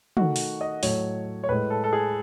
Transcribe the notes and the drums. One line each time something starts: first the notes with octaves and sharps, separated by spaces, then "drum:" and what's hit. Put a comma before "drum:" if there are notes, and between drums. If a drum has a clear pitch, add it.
D#3 A3 F#4, drum: tom
drum: open hi-hat
D#5
A2 F#3 A3 C#5, drum: open hi-hat
C#5
A2 G#3 B4
A4
A4
G#4